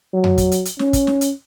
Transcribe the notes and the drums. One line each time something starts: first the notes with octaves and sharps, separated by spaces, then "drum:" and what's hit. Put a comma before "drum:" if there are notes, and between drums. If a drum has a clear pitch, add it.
F#3
drum: tom F2
drum: kick, hi-hat
drum: hi-hat
drum: hi-hat
C#4, drum: snare
drum: kick, hi-hat
drum: snare
drum: hi-hat